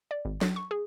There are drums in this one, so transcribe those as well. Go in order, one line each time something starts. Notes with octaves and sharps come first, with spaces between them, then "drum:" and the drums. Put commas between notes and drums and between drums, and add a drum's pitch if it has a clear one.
D5
G#1
F#3, drum: snare
C#6
G#4